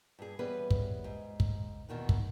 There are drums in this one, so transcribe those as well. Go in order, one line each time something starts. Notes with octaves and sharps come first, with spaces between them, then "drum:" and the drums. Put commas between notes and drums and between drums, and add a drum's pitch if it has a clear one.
G2 G#4
E3 G3 B3 C#4 G#4 B4
drum: kick
G#2
drum: kick
E2 B2 D#3 E3
drum: kick